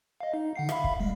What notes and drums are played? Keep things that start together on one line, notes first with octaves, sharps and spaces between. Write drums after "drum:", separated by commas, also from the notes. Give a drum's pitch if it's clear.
D#5 F5
D#4
D3 F#5 C7
E5 F5 B5, drum: rim click
drum: kick
B1 G3 G#3